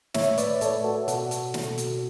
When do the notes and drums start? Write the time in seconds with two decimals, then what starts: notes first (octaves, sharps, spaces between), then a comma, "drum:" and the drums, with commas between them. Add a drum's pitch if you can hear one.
0.14 A2 C#5 E5, drum: snare
0.38 B4 D5, drum: hi-hat
0.61 A2 A4 C#5, drum: hi-hat
0.84 F#4 A4
1.08 B2 F#4 A4, drum: hi-hat
1.31 drum: hi-hat
1.54 B2, drum: snare
1.78 drum: hi-hat